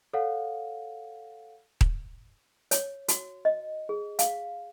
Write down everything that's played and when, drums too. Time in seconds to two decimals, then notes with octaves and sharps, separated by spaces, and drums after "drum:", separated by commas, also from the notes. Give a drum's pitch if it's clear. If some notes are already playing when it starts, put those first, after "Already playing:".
0.13 A4 C#5 F5 F#5
1.81 drum: kick D#1
2.71 C#5, drum: hi-hat
3.08 F#4, drum: hi-hat
3.45 D#5
3.89 G#4
4.19 F5, drum: hi-hat